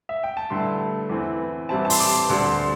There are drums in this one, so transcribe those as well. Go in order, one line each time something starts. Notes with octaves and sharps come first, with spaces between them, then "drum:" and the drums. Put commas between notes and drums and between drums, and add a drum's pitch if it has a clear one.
E5
G5
A5
G2 D3 A3 E4 C6
E2 E3 C4 E4
A1 G2 G3 C4 E4 A5
A5
C6, drum: open hi-hat
D6
C6
D2 D3 G3 D4 C6
C6